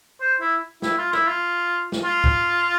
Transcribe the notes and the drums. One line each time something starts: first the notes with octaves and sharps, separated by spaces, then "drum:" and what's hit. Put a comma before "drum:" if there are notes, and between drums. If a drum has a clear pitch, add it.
C5
E4
E4, drum: snare
F4
E4, drum: rim click
F4
drum: snare
F4
drum: kick